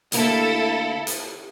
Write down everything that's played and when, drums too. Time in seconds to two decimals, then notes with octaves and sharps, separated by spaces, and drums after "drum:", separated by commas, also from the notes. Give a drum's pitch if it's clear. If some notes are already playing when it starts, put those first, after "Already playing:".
0.12 D2 A#3 E4 A4, drum: hi-hat
1.07 drum: hi-hat